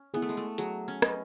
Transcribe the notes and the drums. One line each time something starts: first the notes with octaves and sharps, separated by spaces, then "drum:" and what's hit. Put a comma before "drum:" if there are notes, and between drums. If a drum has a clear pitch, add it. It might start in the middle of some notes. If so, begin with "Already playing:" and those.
Already playing: C#4
B3 E4 G#4
A3
G#3
A3
F#3 G#4, drum: hi-hat
C#4
B4 D#5, drum: rim click